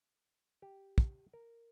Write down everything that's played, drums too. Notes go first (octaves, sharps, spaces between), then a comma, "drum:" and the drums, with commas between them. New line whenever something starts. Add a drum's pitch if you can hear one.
G4
drum: kick
A#4